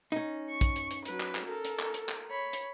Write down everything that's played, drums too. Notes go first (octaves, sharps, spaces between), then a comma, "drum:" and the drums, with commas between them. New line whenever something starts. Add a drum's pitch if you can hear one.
C#4 D#4
C#6
drum: kick A#1, hi-hat
drum: hi-hat
drum: hi-hat
F#3 B4, drum: hi-hat
drum: clap
drum: clap
A4 A#4
drum: hi-hat
drum: clap
drum: hi-hat
drum: clap
C#5 B5
drum: hi-hat